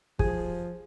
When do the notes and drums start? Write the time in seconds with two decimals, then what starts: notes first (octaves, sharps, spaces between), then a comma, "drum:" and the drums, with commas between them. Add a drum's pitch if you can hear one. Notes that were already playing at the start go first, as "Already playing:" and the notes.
0.19 F3 G#4, drum: kick